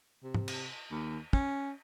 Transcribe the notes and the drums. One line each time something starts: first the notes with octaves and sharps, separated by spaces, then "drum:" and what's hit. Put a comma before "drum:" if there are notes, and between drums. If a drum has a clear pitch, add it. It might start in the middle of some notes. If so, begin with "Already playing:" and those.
C3
drum: tom G#2
drum: cymbal
D#2
C#4, drum: kick